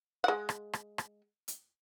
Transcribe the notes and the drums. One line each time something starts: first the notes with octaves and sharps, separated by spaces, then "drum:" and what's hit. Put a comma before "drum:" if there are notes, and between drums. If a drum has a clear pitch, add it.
G#3 F#5
drum: rim click
drum: rim click
drum: rim click
drum: hi-hat